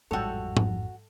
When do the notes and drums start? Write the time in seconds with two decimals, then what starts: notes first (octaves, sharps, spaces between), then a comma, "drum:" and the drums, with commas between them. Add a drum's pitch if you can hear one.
0.11 A1 F2 G#2 G3 F#4 A4 C#5 G5
0.57 drum: tom